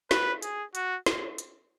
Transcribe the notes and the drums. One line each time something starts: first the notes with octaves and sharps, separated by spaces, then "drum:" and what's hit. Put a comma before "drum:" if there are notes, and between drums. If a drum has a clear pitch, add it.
B4, drum: snare
G#4, drum: hi-hat
F#4, drum: hi-hat
drum: snare
drum: hi-hat